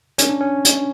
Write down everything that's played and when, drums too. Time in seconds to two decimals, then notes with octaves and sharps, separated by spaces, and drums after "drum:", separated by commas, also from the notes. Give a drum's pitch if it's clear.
0.18 C#4, drum: hi-hat
0.30 D4
0.41 C#4
0.65 drum: hi-hat